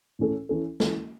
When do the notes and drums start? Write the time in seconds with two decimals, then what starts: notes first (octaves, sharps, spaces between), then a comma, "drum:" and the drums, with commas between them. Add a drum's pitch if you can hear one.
0.19 A2 E3 C#4 A4
0.49 E3 C#4 A4
0.80 E3 C#4 A4, drum: snare